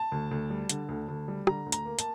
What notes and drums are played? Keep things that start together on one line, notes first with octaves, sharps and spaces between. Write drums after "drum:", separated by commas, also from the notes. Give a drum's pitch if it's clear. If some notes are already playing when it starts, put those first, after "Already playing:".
Already playing: A5
D2
D2
G3
D3, drum: hi-hat
D2
D2
G3
D3 A#5, drum: rim click
D2
A#5, drum: hi-hat
A#3
A5, drum: hi-hat